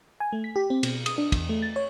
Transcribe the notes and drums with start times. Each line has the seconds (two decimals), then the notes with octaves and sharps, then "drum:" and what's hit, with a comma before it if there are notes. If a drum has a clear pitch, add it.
0.20 G#5
0.33 A3
0.44 B6
0.56 G4
0.70 C4
0.83 B2, drum: cymbal
1.06 D#6, drum: cymbal
1.18 D4
1.32 E2, drum: kick, cymbal
1.49 A3
1.62 A6
1.76 C#5